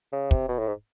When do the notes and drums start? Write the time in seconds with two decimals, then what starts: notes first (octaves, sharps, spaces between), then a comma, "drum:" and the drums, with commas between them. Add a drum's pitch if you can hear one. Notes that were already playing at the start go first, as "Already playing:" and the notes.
0.12 C#3
0.31 C3, drum: kick
0.49 B2
0.59 A2
0.67 G#2